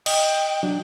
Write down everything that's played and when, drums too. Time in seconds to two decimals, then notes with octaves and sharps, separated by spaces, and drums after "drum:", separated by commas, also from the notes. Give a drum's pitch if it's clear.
0.06 D#5 G5, drum: cymbal
0.63 F#3 D4